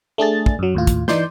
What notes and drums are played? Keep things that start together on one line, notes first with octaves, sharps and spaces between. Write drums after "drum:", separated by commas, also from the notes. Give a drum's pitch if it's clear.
A3 D4 G#4 A6
drum: kick
F#2 F#3
D#2 A2 F4
drum: kick, hi-hat
E3 D#4 D5 C6 G6, drum: snare